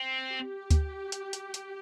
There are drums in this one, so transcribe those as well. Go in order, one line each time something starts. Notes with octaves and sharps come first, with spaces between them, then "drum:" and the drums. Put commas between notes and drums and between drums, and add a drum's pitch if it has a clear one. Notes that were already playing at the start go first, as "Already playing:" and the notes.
Already playing: C4
G4
drum: kick D2, hi-hat
drum: hi-hat
drum: hi-hat
drum: hi-hat